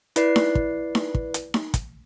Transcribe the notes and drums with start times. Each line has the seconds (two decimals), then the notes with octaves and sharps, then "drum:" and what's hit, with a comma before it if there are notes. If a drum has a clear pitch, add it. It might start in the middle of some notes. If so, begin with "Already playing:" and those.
0.16 E4 B4 D5 C7, drum: hi-hat
0.36 drum: snare D#4
0.55 drum: kick
0.95 drum: snare D#4
1.15 drum: kick
1.34 drum: hi-hat
1.54 drum: snare D#4
1.74 drum: kick, hi-hat